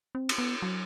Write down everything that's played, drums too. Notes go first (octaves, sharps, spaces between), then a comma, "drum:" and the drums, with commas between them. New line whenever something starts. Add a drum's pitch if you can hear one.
C4
drum: cymbal
B3
F#3